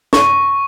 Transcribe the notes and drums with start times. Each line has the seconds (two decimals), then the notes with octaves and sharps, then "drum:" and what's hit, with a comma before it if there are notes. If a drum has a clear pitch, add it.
0.13 C#6, drum: snare